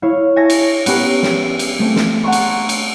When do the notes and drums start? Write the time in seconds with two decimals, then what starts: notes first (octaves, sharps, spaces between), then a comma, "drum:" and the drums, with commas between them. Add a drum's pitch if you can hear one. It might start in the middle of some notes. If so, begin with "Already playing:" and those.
0.02 E4 C#5 F5
0.36 C#5 E5 G#5 A5 G#6 A#6
0.50 drum: cymbal
0.86 B3 C#4 G4 A#4 B4, drum: cymbal
1.23 drum: snare
1.59 drum: cymbal
1.79 A3 C4
1.96 drum: snare
2.23 F#5 A5 A#5 C6 C#6
2.32 drum: cymbal
2.69 drum: cymbal